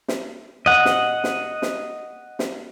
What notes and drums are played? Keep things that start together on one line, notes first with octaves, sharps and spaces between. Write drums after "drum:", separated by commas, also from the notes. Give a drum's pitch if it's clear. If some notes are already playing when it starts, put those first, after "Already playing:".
drum: snare
D#5 F#5
drum: snare
drum: snare
drum: snare
drum: snare